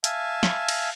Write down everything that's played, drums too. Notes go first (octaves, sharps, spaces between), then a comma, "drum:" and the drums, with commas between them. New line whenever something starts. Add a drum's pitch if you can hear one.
E5 F5 G#5 A5, drum: hi-hat
drum: snare
drum: cymbal